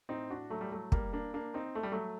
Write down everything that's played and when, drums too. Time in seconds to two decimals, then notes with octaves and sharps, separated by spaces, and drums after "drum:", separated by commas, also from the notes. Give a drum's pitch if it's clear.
0.09 A2 C4 D#4
0.30 D4 F#4
0.50 F#3 A3
0.61 G3
0.72 F#3 A3
0.92 G3 A#3, drum: kick
1.13 A#3 D4
1.34 A#3 D4
1.54 C4 D#4
1.75 A3
1.83 G3
1.92 F#3 A3